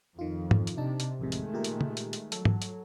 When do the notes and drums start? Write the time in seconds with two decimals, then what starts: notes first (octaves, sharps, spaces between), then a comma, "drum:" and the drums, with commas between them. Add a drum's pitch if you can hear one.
0.19 F2 D#3 F4
0.51 drum: tom G#2
0.67 drum: hi-hat
0.77 C3 D4 D#4 A5
1.00 drum: hi-hat
1.19 A1 F2 C3 D#3 G#3 A3
1.32 drum: hi-hat
1.54 A#2 G4 A#4
1.64 drum: hi-hat
1.81 drum: tom
1.97 drum: hi-hat
2.13 drum: hi-hat
2.32 F#3 A4, drum: hi-hat
2.45 drum: tom G#2
2.62 drum: hi-hat